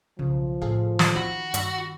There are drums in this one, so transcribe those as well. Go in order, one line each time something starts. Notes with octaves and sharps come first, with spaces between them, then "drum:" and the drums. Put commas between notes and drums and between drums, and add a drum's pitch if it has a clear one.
B1 C#3 F3
A2 C#3 G#4 A4 F5
drum: snare
D#3 B3 F#4 B5
G2 B5 E6, drum: hi-hat